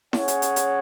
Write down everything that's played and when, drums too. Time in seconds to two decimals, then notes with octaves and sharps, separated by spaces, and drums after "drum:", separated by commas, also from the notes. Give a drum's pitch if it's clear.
0.13 C#4 G#4 C#5 F#5, drum: snare E4
0.28 drum: hi-hat
0.42 drum: hi-hat
0.56 drum: hi-hat